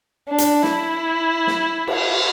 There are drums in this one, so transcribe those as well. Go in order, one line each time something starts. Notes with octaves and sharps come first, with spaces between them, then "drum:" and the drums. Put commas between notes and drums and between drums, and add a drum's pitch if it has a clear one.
D4
drum: hi-hat
E4, drum: snare
drum: snare
drum: cymbal